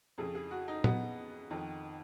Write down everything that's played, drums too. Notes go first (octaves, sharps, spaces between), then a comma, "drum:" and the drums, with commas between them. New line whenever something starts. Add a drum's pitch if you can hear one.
F2 C#3 G#4
G#4
F#4
D#4
B3, drum: tom A#2
F2 D#3